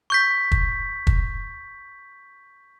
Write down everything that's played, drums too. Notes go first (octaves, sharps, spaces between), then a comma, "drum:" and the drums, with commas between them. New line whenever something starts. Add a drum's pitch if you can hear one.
C#6 G6 B6
drum: kick
drum: kick